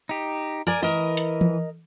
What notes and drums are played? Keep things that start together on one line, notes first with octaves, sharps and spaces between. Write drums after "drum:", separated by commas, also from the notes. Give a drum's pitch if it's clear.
D#4 G4
A#4 D5 G#5
E3 A#4 D#5
drum: hi-hat
drum: tom E3